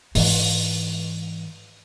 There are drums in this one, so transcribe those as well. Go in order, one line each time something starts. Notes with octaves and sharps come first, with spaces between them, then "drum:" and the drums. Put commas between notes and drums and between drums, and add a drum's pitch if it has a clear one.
G#2 E3, drum: open hi-hat